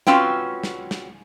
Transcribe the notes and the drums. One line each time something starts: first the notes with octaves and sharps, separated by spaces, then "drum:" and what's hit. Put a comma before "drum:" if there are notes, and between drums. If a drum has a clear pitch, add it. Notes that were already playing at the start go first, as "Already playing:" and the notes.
C4 C#4 F4 F#4 B4 G5, drum: snare
drum: snare
drum: snare